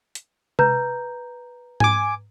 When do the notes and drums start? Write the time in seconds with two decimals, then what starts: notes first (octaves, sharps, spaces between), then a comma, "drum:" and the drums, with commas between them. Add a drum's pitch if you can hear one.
0.15 drum: hi-hat
0.59 B4 A#5 G6, drum: tom C3
1.80 G#5 D6, drum: tom G#2